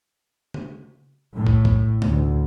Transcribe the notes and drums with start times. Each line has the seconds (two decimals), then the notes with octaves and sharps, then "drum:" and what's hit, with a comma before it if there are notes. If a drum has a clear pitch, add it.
0.54 drum: tom C#3
1.35 A2
1.47 drum: kick
1.65 drum: kick
2.02 D2, drum: tom B2